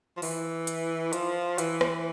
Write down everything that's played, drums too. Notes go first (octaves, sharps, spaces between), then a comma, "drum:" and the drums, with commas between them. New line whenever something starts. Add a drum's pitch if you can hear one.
F3
E3, drum: open hi-hat
drum: hi-hat
F3, drum: hi-hat
E3, drum: hi-hat
drum: rim click